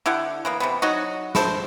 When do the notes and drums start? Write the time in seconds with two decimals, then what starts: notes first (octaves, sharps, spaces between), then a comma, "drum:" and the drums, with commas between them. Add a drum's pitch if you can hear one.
0.06 D3 E4 G4 F#5
0.45 E3 A#3 B3
0.60 C3 E3 B3
0.82 F#3 D#4 F#4
1.35 E4 A4 C5, drum: snare